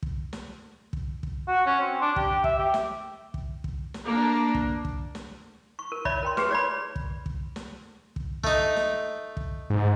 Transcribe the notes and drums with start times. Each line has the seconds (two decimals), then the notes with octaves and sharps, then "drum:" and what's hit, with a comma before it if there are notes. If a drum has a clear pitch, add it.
0.03 drum: kick
0.33 drum: snare
0.93 drum: kick
1.23 drum: kick
1.48 F#4
1.67 C#4
1.81 C4
2.02 D4
2.16 G4, drum: kick
2.44 E5, drum: kick
2.59 G4
2.74 drum: snare
3.34 drum: kick
3.64 drum: kick
3.94 drum: snare
4.06 A#3 D4
4.55 drum: kick
4.85 drum: kick
5.15 drum: snare
5.79 C#6
5.92 A#4
6.05 C#5 D5 E5 B5, drum: kick
6.23 A#4 G5 C6
6.37 G4 G#4 B4, drum: snare
6.51 C#5 D5 B5
6.96 drum: kick
7.26 drum: kick
7.56 drum: snare
8.16 drum: kick
8.44 A3 D#4, drum: kick
8.76 drum: snare
9.37 drum: kick
9.70 G#2